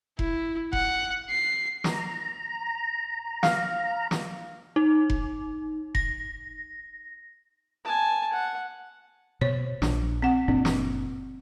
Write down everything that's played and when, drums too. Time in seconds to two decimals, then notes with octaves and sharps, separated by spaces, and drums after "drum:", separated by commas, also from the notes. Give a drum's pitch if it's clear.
0.19 E4, drum: kick F1
0.73 F#5, drum: kick F1
1.30 C7
1.84 A#5, drum: snare
3.43 F5, drum: snare
4.11 drum: snare
4.76 D#4
5.10 drum: kick F1
5.95 A#6, drum: kick F1
7.85 G#5 A5
8.33 F#5
9.41 B2 C5 C#5
9.82 A#1 D4, drum: snare
10.22 C4 F#5
10.48 F#1 A#2 C4 D4
10.65 drum: snare